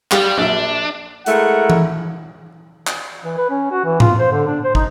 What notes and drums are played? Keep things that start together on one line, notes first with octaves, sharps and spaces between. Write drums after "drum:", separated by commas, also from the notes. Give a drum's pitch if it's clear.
G3 G4 F5, drum: clap
A#1 F#3 D4 E5
G#3 A3 E4 A#4 F#5, drum: hi-hat
drum: tom E3
drum: clap
E3
B4
C#4
F#4
E3
F4, drum: tom G#2
C5
D3
D4
C5
D#4, drum: kick